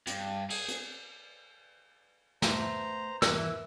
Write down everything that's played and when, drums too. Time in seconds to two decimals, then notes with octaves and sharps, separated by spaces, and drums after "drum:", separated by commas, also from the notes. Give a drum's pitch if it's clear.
0.07 G2, drum: hi-hat
0.50 G#4, drum: cymbal
0.68 drum: hi-hat
2.42 A3 B3 C5 E5 A#5, drum: snare
3.22 E3 E4 A#4 E6, drum: snare